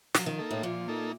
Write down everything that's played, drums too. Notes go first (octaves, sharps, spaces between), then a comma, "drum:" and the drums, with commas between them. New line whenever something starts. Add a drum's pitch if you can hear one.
F3 F#3, drum: snare
D#3
A#3 D#4 A4
A2
A#2 F3
A#3 D#4 A4